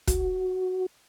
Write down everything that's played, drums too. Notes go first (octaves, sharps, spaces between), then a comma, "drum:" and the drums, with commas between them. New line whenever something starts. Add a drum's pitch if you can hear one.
F#4, drum: kick, hi-hat